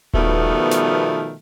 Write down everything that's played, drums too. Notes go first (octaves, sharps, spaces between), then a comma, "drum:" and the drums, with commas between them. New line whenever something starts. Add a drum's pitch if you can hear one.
B2 D#3 F3 G3 A3 B3, drum: kick D#1
drum: snare